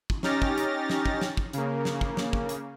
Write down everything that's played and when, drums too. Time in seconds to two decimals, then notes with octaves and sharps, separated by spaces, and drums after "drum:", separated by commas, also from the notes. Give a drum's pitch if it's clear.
0.10 drum: kick
0.23 C#4 D#4 G4 F6 A6 A#6, drum: snare
0.42 drum: kick
0.58 drum: hi-hat
0.90 drum: snare
1.06 drum: kick
1.21 drum: snare
1.37 drum: kick
1.53 C#3 A#3, drum: hi-hat
1.85 drum: snare
2.01 drum: kick
2.17 drum: snare
2.33 drum: kick
2.49 drum: hi-hat